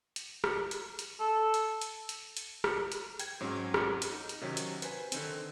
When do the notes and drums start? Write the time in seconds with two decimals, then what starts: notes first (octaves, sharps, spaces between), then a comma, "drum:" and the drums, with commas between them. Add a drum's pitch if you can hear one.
0.16 drum: hi-hat
0.44 drum: rim click
0.71 drum: hi-hat
0.99 drum: hi-hat
1.20 A4
1.54 drum: hi-hat
1.81 drum: hi-hat
2.09 drum: hi-hat
2.37 drum: hi-hat
2.64 drum: rim click
2.92 drum: hi-hat
3.20 G5 G#6, drum: hi-hat
3.41 G#2 F#3 C4 C#4
3.74 drum: rim click
4.02 drum: hi-hat
4.12 D#4
4.29 drum: hi-hat
4.41 C3 D#3 F#3 C4 C#4
4.57 drum: hi-hat
4.82 B4 C5 G#5, drum: hi-hat
5.12 D3 D#3 C4, drum: hi-hat